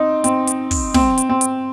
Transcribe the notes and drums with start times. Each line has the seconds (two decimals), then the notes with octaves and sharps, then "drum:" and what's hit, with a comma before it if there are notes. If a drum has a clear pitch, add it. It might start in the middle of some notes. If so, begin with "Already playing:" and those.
Already playing: C4 D#4
0.24 C4, drum: hi-hat
0.47 drum: hi-hat
0.71 drum: kick, open hi-hat
0.94 C4, drum: snare
1.18 drum: hi-hat
1.29 C4
1.41 drum: hi-hat